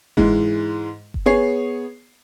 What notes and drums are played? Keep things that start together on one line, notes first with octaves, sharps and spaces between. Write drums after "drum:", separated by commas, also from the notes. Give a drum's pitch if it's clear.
G#2 E3 G#3, drum: kick F#1
drum: kick F#1
B3 G#4 C#5 C7